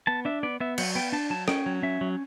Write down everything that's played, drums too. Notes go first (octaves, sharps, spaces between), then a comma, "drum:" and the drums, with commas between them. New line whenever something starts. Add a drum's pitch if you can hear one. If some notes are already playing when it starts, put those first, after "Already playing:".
B3 A5
D4 E5
B3 D5
B3 E5
F#3 F#5, drum: cymbal
B3 G5
D4 A5
F#3 A5
C#4 G5, drum: rim click
F#3
C#4 E5
F#3